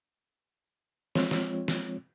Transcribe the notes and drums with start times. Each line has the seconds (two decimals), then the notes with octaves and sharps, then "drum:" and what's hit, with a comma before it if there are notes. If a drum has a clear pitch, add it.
1.15 F3 G#3 C4 F4 C#5, drum: snare
1.31 drum: snare
1.68 drum: snare